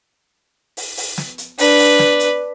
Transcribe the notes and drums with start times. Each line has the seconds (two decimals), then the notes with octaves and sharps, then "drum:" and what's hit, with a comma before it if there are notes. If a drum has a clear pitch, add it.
0.77 drum: open hi-hat
0.97 drum: open hi-hat
1.18 drum: snare
1.38 drum: hi-hat
1.58 D4 B4, drum: open hi-hat
1.79 drum: open hi-hat
1.99 drum: snare
2.20 drum: hi-hat